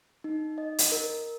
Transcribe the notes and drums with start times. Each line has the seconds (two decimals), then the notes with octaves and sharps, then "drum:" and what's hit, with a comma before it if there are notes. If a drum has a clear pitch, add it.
0.24 D#4
0.58 D#5
0.78 drum: hi-hat
0.92 A#4